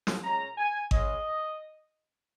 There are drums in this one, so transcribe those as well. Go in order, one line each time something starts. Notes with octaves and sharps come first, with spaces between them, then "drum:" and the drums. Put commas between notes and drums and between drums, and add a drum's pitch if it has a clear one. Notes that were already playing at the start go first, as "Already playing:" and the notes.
drum: snare
A#2 G#3 C#4 A#5
G#5
C#3 G#3 C#4 D#5, drum: kick G#1